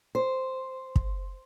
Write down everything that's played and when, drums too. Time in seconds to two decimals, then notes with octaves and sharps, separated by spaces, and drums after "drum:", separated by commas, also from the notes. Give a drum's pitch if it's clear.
0.15 C5
0.96 drum: kick